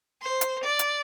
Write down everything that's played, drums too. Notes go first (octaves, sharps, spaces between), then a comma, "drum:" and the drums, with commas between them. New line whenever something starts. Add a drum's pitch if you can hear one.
C5
drum: hi-hat
D5
drum: hi-hat